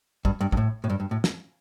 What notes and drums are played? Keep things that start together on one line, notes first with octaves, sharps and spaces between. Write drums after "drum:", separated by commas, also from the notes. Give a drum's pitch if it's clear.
G2, drum: kick
G2
G2, drum: kick
A2
A2
G2
G2
A2
drum: snare